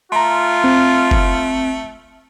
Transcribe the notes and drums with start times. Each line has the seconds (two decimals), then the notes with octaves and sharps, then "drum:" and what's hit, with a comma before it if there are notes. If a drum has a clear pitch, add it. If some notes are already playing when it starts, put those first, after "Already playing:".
0.12 A3 F4 A#5 C6
0.64 C4
1.11 drum: kick F#1